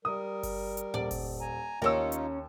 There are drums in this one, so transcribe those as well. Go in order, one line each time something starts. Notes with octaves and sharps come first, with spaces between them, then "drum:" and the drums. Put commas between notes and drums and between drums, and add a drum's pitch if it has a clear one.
G3 A#4 D#6
drum: kick F#1, open hi-hat
drum: hi-hat
D#1 D5
drum: kick F#1, open hi-hat
G#5 A#5
D#2 C#4 D#4 F4 A#4 E6
drum: hi-hat